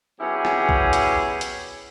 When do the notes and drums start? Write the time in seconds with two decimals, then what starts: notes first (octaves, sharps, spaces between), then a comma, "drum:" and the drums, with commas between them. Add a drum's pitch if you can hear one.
0.21 F#3 B3 C#4 E4 G4 G#4
0.45 drum: rim click
0.69 drum: kick B1
0.93 drum: hi-hat
1.41 drum: hi-hat